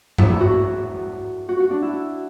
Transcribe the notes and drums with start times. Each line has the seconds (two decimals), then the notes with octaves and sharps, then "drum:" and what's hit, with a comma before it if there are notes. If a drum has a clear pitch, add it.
0.18 E4, drum: tom G2
0.30 E4
0.41 F#4
1.49 F#4
1.60 F#4
1.70 D4
1.82 E4